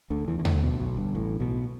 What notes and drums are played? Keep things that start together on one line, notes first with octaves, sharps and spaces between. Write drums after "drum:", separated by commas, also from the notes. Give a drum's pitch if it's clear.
D2 D3
E2 E3
E3
D2 D3, drum: tom D#2
B1 B2
B1 B2
G1 G2
A1 A2
B1 B2